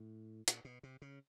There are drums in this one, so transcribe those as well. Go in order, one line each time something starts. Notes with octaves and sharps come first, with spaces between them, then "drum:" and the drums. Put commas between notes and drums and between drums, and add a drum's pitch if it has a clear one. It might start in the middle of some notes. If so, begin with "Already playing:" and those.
Already playing: A2
A#2, drum: hi-hat
B2
C3
C#3